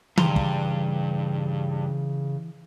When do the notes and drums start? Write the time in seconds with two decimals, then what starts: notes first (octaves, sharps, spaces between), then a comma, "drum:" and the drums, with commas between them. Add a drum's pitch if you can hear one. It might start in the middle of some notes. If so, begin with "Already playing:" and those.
0.18 G2 C#3 E3 A#5 C6, drum: tom D#3
0.36 drum: kick